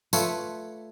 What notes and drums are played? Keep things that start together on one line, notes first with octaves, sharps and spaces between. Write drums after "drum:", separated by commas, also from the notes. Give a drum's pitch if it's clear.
A3 F4 B4 C#5, drum: tambourine